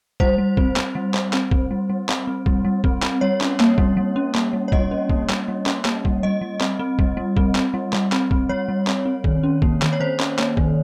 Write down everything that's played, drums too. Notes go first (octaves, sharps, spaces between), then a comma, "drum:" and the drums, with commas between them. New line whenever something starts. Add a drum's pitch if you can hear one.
G3 C5, drum: kick
G3
C4, drum: kick
C4, drum: clap
G3
G3, drum: clap
C4, drum: clap
C4, drum: kick
G3
G3
C4, drum: clap
C4
G3, drum: kick
G3
C4, drum: kick
C4, drum: clap
G3 C#5
C#4, drum: clap
A#3, drum: clap
G3, drum: kick
G3
C#4
A#3, drum: clap
G3
C#5
G3 D#5, drum: kick
C#4
A#3, drum: kick
G3, drum: clap
G3
C#4, drum: clap
A#3, drum: clap
G3, drum: kick
G3 D#5
G3
C4, drum: clap
C4
G3, drum: kick
G3
C4, drum: kick
C4, drum: clap
G3
G3, drum: clap
C4, drum: clap
C4, drum: kick
G3 C#5
G3
C4, drum: clap
C4
D#3, drum: kick
C#4
A#3, drum: kick
D#3, drum: clap
C#5
D#3 C5
C#4, drum: clap
A#3, drum: clap
D#3, drum: kick